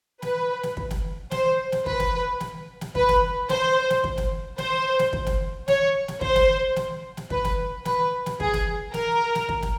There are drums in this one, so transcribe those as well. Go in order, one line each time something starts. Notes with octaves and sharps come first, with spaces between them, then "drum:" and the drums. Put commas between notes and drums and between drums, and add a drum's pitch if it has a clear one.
B4, drum: snare
drum: snare
drum: kick
drum: snare
C5, drum: snare
drum: snare
B4, drum: kick
drum: snare
drum: snare
drum: snare
B4, drum: kick
drum: snare
C5, drum: snare
drum: snare
drum: kick
drum: snare
C5, drum: snare
drum: snare
drum: kick
drum: snare
C#5, drum: snare
drum: snare
C5, drum: kick
drum: snare
drum: snare
drum: snare
B4, drum: kick
drum: snare
B4, drum: snare
drum: snare
G#4, drum: kick
drum: snare
A#4, drum: snare
drum: snare
drum: kick
drum: snare